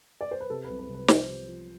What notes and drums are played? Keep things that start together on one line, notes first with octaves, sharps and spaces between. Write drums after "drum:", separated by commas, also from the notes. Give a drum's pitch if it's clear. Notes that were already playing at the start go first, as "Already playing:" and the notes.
D5
C5
B4
C3 A4
B4
C2
B4
C2
B4
F3 C5, drum: snare
C3
F3